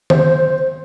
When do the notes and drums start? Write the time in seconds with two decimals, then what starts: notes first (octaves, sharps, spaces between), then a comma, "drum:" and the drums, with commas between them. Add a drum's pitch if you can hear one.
0.10 C5, drum: tom D#3